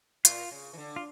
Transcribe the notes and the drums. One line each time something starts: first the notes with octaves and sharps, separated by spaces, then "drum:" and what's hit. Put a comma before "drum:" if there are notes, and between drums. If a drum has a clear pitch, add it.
A#2 F4, drum: hi-hat
C#3
E3
D3
F4